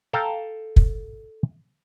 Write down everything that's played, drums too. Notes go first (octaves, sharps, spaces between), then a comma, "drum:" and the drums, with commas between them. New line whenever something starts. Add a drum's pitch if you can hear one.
A4 F5 G5 A5 A#5
drum: kick